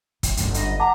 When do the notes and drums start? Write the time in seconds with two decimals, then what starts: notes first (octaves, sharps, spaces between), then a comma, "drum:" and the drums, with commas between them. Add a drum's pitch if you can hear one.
0.23 E3, drum: kick, hi-hat
0.37 G1 F#2, drum: hi-hat
0.54 D#5, drum: hi-hat
0.80 F#5 A5 A#5 D6